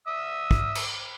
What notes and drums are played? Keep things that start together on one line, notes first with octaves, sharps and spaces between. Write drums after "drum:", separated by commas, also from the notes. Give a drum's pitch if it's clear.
E5 D#6 E6
drum: kick
drum: cymbal